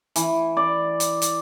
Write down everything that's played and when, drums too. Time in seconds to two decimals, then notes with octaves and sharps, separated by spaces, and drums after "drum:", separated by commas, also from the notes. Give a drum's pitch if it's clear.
0.16 E3, drum: hi-hat
0.57 D5
1.00 drum: hi-hat
1.22 drum: hi-hat